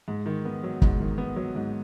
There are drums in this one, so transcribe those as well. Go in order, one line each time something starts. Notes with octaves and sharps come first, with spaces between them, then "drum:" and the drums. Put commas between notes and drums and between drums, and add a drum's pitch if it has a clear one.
G#2
D#3
B3
F#3
G#2, drum: kick
D#3
B3
F#3
G#2